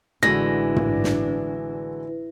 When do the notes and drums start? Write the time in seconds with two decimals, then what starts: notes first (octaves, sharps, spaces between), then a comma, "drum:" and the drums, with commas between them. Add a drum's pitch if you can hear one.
0.23 A1 D3 E3 G#3 D4 F#4 A#6
0.76 drum: tom
1.04 drum: snare